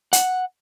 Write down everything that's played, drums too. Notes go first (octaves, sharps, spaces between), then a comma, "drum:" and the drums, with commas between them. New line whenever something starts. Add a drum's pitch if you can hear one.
F#5, drum: hi-hat